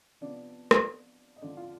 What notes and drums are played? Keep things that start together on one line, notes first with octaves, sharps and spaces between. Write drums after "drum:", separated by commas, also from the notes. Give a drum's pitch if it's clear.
C3 F3 B3 D4 D5
drum: rim click
D#5
D3 F3 C4 D4 D5
F4 F5